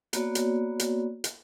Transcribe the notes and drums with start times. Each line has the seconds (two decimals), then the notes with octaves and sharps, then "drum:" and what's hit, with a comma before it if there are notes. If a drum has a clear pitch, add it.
0.13 A#3 B3 F#4 C#5 D5, drum: hi-hat
0.35 drum: hi-hat
0.79 drum: hi-hat
1.24 drum: hi-hat